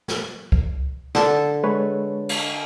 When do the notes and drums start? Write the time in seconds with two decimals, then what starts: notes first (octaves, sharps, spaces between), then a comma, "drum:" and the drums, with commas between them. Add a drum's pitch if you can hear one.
0.08 drum: snare
0.52 drum: kick C#2
1.15 D3 A4, drum: rim click
1.64 G#3 B4 C#5
2.29 drum: cymbal